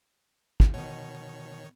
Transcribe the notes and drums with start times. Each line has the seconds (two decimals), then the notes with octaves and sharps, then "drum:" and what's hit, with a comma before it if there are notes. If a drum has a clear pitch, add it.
0.60 drum: kick
0.74 B2 D#3 C#5